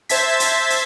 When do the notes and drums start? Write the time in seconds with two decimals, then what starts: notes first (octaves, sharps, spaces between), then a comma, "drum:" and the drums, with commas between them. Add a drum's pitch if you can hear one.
0.09 C5 E5 A5 G#6 B6, drum: hi-hat
0.40 drum: hi-hat
0.70 drum: hi-hat